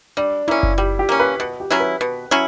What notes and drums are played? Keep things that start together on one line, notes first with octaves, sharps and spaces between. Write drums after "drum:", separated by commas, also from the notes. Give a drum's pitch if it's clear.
G3 D4
A#3 C#4 E4
drum: kick F#1
G3 G4
G4
A#3 C#4
B4
B2
G4
F#3 C#4 E4
B4
B2
F#3 C#4 E4